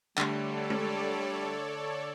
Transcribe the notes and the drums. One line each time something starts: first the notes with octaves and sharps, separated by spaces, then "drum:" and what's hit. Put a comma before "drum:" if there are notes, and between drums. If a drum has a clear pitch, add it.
D3 G3 A3 A4 C#5 D5, drum: clap
drum: tom G#3